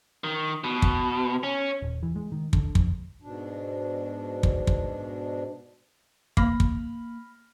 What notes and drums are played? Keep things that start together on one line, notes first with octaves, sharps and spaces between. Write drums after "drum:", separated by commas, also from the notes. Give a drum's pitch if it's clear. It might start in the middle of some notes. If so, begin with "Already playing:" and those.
D#3
B2
drum: kick
C#4
D#1
E3
G#3
D#3
D3, drum: kick
F2, drum: kick
G#2 B2 D4
drum: kick
drum: kick
A#3 B5 F6 A#6, drum: kick
drum: kick